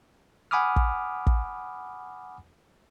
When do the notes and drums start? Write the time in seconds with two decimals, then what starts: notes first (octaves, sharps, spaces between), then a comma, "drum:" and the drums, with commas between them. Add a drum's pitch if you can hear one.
0.51 F#5 G#5 B5 D6 D#6 F6
0.76 drum: kick
1.27 drum: kick